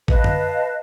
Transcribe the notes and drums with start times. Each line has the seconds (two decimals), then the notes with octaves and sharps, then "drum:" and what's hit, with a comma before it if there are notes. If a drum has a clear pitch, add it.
0.08 B4 D#5 F5 A5, drum: kick
0.24 drum: tom F#2